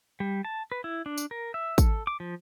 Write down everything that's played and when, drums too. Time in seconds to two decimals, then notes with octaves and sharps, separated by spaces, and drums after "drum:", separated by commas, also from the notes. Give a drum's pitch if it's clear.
0.20 G3
0.45 A5
0.72 B4
0.84 E4
1.06 D4
1.18 drum: tambourine
1.31 A#4
1.54 E5
1.78 A4, drum: kick, tambourine
2.07 D6
2.20 F3